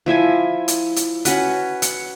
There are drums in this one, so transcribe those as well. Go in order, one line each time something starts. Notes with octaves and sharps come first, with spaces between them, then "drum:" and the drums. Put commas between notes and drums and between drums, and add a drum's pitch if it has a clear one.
F3 E4 E5 G#5
drum: hi-hat
drum: hi-hat
C#4 F#4 B4, drum: hi-hat
F#5, drum: hi-hat